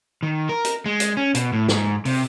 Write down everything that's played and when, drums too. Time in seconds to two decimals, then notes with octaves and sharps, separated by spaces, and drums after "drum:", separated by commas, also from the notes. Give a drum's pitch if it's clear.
0.23 D#3
0.49 A#4
0.65 drum: hi-hat
0.86 G#3
1.00 drum: hi-hat
1.17 C#4
1.35 B2, drum: hi-hat
1.53 A2
1.68 G#2, drum: snare
2.05 C3, drum: open hi-hat